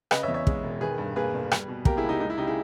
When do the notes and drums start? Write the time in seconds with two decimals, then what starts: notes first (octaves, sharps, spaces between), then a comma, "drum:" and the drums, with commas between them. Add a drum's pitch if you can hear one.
0.11 C#3 B4 D#5, drum: rim click
0.23 C#5 E5
0.28 E2
0.34 C#5 E5
0.47 G#3, drum: kick
0.63 E1
0.81 D#3 G#4 B4
0.98 G2
1.16 A#3 G#4 B4
1.34 G1
1.51 G3, drum: rim click
1.68 B2
1.85 A#3 G4 A#4, drum: kick
1.97 E4 G#4
2.04 C#2
2.09 D#4 G4
2.20 G#3 D#4
2.30 E4
2.38 C#3 D#4 G4
2.47 E4 G#4